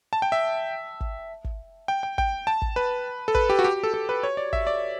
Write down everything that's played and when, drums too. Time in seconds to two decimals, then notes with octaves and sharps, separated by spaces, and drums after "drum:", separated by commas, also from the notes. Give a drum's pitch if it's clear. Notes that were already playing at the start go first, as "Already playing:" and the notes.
0.13 A5
0.22 G5
0.32 E5
1.01 drum: kick
1.44 drum: kick
1.88 G5
2.03 G5
2.18 G5, drum: kick
2.47 A5
2.62 drum: kick
2.76 B4
3.28 A4
3.35 B4, drum: kick
3.50 G4
3.59 F#4
3.64 G4
3.84 A4
3.94 A4
4.09 B4
4.23 C#5
4.37 D5
4.53 E5, drum: kick
4.67 D5